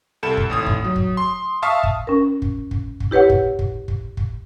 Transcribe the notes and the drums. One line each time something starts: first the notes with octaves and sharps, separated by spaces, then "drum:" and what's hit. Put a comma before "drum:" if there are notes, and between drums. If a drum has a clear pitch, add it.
C2 A4 B5 E7
drum: kick
G#1 A2 D#6
drum: kick
F#3
drum: kick
C6
E5 F5 A5 C#6 D#6
drum: kick
C#4 A#4
drum: kick
drum: kick
drum: kick
E4 G4 B4 C#5 F#5
drum: kick
drum: kick
drum: kick
drum: kick